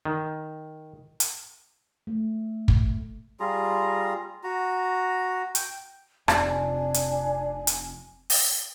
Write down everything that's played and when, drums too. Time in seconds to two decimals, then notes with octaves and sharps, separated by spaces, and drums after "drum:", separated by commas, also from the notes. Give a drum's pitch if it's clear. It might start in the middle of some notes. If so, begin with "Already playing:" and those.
0.05 D#3
1.20 drum: hi-hat
2.07 A3
2.68 drum: kick
3.40 G3 F4 G#4 A#5
4.43 F#4 A#5
5.55 G5, drum: hi-hat
6.28 F1 F2 C3 D4 G#5, drum: rim click
6.94 drum: hi-hat
7.67 drum: hi-hat
8.30 drum: open hi-hat